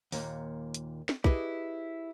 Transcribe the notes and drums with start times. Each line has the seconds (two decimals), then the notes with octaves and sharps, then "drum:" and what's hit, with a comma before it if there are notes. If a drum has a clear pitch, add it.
0.12 D#2 A#2, drum: open hi-hat
0.74 drum: hi-hat
1.09 drum: snare
1.24 E4 G4 G#4 B4 D#5, drum: kick